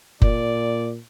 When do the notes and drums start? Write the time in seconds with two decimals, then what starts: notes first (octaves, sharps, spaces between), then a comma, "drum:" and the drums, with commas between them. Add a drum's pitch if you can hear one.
0.22 A#2 D5, drum: kick F#1